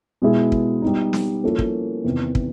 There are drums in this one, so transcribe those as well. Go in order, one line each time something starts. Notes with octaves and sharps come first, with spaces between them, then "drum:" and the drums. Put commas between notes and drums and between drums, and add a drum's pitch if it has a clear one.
B2 G#3 B3 E4 G#4
drum: kick
G3 B3 D#4
drum: snare
F3 A#3 C#4 E4 A4
drum: kick
E2 C3 D#3
drum: kick